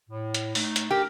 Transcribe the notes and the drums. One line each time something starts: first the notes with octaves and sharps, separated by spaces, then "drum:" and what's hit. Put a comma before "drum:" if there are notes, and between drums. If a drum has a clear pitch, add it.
A2
drum: hi-hat
A3 D#4, drum: open hi-hat
drum: hi-hat
G4 A#4